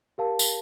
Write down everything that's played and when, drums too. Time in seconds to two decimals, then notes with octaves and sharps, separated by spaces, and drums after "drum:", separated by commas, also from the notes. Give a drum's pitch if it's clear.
0.18 G4 A#4 F5 A5
0.39 drum: tambourine